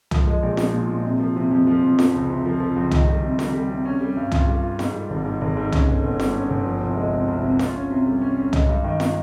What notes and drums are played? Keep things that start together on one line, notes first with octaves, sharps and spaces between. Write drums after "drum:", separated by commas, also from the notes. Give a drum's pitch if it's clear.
F3, drum: tom
G#3
A#1
F3, drum: snare
A#2
A#2
C3
F3
C3
F2
F3
F2
F3, drum: snare
C#2
C3
F3
F3
C#2
D#3, drum: tom
G3
C3
G3, drum: snare
G3
C3
C#4
G3
G2
F4, drum: tom
G3
F4
G#2, drum: snare
G3
G#1
G#2
G#1
G#2
C#4, drum: tom
G1
G1
G3, drum: snare
C#4
G1
F3
C2
G#3
C3
C2
C3
F4, drum: snare
C#4
C3
G3
C#4
C#4
G#3, drum: tom
G2
D#3
drum: snare